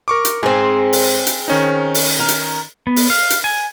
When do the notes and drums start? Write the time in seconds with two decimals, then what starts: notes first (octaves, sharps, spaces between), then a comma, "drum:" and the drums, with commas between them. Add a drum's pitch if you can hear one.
0.08 A#4 C#6 D6
0.25 drum: hi-hat
0.43 G#2 C4 G#4
0.93 drum: open hi-hat
1.27 drum: hi-hat
1.48 D#3 C#4 D#4
1.94 drum: open hi-hat
2.19 A#4
2.28 drum: hi-hat
2.87 B3
2.96 drum: open hi-hat
3.10 F5
3.30 drum: hi-hat
3.44 G#5